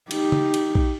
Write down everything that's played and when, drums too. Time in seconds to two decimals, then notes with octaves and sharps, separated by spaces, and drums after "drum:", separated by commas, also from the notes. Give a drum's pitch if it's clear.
0.11 D#4 G4, drum: cymbal
0.32 drum: tom C#3
0.54 drum: cymbal
0.75 drum: kick A#1